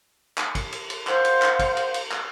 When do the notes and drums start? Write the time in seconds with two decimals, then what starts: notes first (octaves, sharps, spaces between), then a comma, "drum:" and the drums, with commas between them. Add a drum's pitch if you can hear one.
0.38 drum: clap
0.55 drum: kick, cymbal
0.72 drum: cymbal
0.90 drum: cymbal
1.07 C5 F5 F#5 C6, drum: clap
1.25 drum: cymbal
1.42 drum: clap
1.59 drum: kick, cymbal
1.77 drum: cymbal
1.94 drum: cymbal
2.12 drum: clap